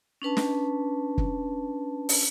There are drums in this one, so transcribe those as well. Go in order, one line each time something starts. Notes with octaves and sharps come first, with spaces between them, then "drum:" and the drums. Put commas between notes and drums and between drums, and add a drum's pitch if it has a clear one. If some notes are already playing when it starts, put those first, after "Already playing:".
C#4 D4 B4 A5
drum: snare
drum: kick
drum: open hi-hat